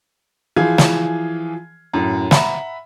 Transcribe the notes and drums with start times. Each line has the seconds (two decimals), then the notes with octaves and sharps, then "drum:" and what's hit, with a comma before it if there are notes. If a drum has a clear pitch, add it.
0.56 E3 F3 G#4 F5 G#5 G#6
0.78 drum: snare
1.93 F#2 A2
2.31 E5 F#5 A#5 B5, drum: snare